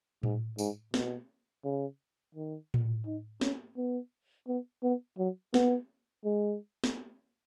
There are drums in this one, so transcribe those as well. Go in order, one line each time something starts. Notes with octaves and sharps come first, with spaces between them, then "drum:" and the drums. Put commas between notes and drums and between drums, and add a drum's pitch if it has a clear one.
G#2, drum: tom A2
G#2, drum: tambourine
B2, drum: snare
C#3
D#3
drum: tom A2
D#4
C#4, drum: snare
B3
B3
B3
F#3
B3, drum: snare
G#3
drum: snare